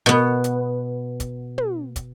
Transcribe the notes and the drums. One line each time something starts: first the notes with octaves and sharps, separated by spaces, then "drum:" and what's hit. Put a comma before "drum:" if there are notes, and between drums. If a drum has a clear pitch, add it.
B2 B3
drum: hi-hat
drum: kick, hi-hat
drum: tom
drum: kick, hi-hat